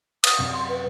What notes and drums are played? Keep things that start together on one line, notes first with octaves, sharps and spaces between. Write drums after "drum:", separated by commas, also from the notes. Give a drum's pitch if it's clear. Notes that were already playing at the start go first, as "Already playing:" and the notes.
D#6, drum: cymbal
F#2 C3
C6
B4